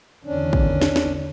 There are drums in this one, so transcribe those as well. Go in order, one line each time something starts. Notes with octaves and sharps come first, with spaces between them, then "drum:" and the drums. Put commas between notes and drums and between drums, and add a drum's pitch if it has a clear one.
E2 D3 D#3 C#4 D4
drum: kick
drum: snare
drum: snare